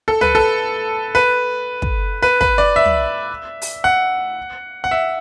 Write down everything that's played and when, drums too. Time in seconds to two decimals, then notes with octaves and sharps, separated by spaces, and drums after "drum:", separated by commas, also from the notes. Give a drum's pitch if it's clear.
0.08 A4
0.21 B4, drum: tom
0.35 A4
1.15 B4
1.82 drum: kick
2.22 B4
2.41 B4, drum: kick
2.58 D5
2.76 E5
2.86 drum: tom
3.62 drum: open hi-hat
3.84 F#5
4.84 F#5
4.91 E5